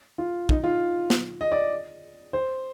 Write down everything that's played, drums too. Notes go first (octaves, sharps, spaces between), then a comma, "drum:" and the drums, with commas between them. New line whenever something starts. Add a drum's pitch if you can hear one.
F4
D#4, drum: kick
F4
drum: snare
D#5
D5
C5